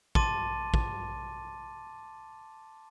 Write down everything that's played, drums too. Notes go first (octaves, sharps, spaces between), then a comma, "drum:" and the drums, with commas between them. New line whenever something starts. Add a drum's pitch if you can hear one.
A5 C6 D6 A6 D#7, drum: kick A1
drum: kick A1